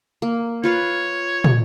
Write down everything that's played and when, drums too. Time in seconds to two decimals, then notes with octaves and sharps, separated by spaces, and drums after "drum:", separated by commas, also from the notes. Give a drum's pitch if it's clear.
0.22 A#3
0.64 F4 B4 C#5 F5
1.44 drum: tom